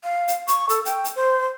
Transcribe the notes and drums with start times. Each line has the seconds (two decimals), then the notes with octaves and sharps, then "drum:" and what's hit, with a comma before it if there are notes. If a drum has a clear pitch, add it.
0.03 F5
0.28 drum: hi-hat
0.48 C#6, drum: hi-hat
0.69 A4, drum: hi-hat
0.85 G5, drum: hi-hat
1.04 drum: hi-hat
1.16 C5